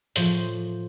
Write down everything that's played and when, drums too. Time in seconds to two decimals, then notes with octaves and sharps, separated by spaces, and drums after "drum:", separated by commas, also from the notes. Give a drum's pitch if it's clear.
0.16 A2 F3 C5, drum: hi-hat